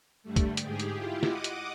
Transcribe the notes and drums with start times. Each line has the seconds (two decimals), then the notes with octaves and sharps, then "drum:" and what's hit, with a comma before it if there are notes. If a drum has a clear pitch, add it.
0.23 G2 D3 G3 A3
0.36 drum: kick, hi-hat
0.57 G#2 G4 G#4, drum: hi-hat
0.80 drum: hi-hat
0.92 E4 F4 G4
1.23 D#5 F#5 D6 D#6, drum: snare
1.44 drum: hi-hat